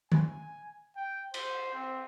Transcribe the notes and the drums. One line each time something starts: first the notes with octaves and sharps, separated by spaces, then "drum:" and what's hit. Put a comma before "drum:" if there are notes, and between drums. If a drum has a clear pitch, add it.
G#5, drum: tom D#3
G5
C5, drum: cymbal
C4